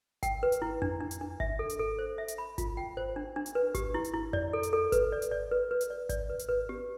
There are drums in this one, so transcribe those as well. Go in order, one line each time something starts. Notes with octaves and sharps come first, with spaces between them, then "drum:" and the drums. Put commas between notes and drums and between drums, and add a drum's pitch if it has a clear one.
G5, drum: kick G#1, hi-hat
B4
drum: hi-hat
E4
D4, drum: tom F2
D4
drum: hi-hat
D4
E5, drum: kick G#1
A4
drum: hi-hat
A4
C5
E5
drum: hi-hat
B5
F4, drum: kick G#1, hi-hat
G5
C5
D4
D4
drum: hi-hat
B4
G4, drum: kick G#1, hi-hat
E4
drum: hi-hat
E4
D5, drum: tom F2
A4
drum: hi-hat
A4
B4, drum: kick G#1, hi-hat
D5
drum: hi-hat
D5
B4
B4
drum: hi-hat
D5
D5, drum: kick G#1, hi-hat
B4
drum: hi-hat
B4
G4, drum: tom B3